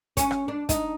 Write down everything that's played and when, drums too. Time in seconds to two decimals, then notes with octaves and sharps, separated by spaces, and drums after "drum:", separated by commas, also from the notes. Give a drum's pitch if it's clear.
0.17 C#4, drum: kick, hi-hat
0.31 drum: rim click
0.48 D4
0.69 D#4, drum: kick, hi-hat